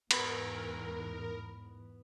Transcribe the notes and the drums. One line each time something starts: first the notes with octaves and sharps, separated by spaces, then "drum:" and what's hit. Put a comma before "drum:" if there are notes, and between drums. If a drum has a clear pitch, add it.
E2 G#2 B3 A#4 B5, drum: cymbal